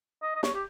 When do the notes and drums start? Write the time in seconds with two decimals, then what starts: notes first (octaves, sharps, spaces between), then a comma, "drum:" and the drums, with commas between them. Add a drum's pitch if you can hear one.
0.22 D#5
0.35 D#5
0.43 C#5, drum: snare
0.54 G4